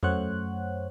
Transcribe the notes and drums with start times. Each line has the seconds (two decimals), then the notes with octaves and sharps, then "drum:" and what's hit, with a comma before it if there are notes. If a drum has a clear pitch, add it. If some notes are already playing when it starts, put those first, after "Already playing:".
0.03 F#2 A3 C5 C#5 F#5 F#6, drum: tom E2